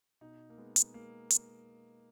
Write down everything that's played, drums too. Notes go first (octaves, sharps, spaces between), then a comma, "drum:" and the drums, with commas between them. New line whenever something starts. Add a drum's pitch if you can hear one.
B2 D#4
A#3
G#3 B3
drum: hi-hat
G#3 A#3
drum: hi-hat